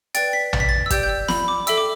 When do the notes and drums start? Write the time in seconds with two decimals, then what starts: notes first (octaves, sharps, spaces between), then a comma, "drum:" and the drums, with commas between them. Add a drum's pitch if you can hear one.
0.15 B4 D5 G5 A6, drum: hi-hat
0.33 B6
0.53 A6, drum: tom A#1
0.60 B6
0.69 A6
0.86 E6
0.90 G4 D5 G5 G6, drum: kick, hi-hat
1.03 G6
1.09 E6
1.28 B5, drum: snare
1.48 D6
1.67 A4 E5 G5 E6, drum: hi-hat
1.77 D6